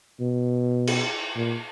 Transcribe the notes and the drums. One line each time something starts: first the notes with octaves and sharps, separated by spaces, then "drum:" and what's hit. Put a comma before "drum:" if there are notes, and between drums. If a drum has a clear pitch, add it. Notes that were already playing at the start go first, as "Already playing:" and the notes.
B2
drum: cymbal
A#2